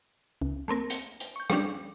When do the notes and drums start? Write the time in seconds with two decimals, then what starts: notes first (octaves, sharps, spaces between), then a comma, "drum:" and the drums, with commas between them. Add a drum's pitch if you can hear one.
0.41 C#2
0.68 A3 A#3 C4 A#4
0.90 C#7, drum: hi-hat
1.20 drum: hi-hat
1.36 C#6 G6
1.50 F3 G3 C#4 D4 G4, drum: rim click